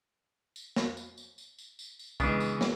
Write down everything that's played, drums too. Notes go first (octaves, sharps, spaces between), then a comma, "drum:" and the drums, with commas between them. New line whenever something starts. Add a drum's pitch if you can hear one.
drum: tambourine
drum: snare
drum: tambourine
drum: tambourine
drum: tambourine
drum: tambourine
drum: tambourine
drum: tambourine
C#3 E3 G#3 B3 D4, drum: kick, tambourine
drum: tambourine
drum: snare